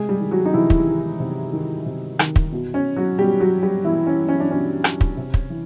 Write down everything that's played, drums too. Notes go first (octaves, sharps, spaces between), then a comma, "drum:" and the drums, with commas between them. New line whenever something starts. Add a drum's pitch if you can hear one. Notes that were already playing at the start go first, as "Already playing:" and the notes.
Already playing: C3 G#3 G#4
G3 G4
D#3
F#3 F#4
D#4
C3 E3 E4
drum: kick
D#3
C3
D#3
C3
D#3, drum: rim click
drum: kick
B2
C#4
F#3 F#4
B2 G3 G4
F#3 F#4
G3 G4
B2 E3 E4
C#4
C#4
D4
B2 C#4
drum: rim click
drum: kick
C3
drum: kick
E3